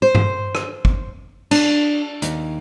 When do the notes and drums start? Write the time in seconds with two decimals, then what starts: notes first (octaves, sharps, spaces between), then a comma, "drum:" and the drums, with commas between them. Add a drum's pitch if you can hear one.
0.02 C5
0.15 drum: tom G2
0.55 drum: rim click
0.85 drum: kick
1.51 D4, drum: cymbal
2.22 D#2, drum: hi-hat